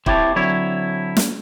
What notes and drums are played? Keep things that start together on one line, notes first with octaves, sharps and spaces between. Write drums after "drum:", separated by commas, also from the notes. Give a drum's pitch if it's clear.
C4 E4 G4 C#5 G#5 A5, drum: kick
D3 F#3 C4 E4 C#5
drum: snare